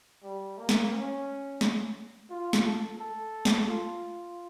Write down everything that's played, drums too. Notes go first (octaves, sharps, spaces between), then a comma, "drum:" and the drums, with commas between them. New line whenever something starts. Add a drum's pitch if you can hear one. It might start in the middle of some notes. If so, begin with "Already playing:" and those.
G3
A#3
drum: snare
C#4
drum: snare
F4
drum: snare
A4
A4
drum: snare
F4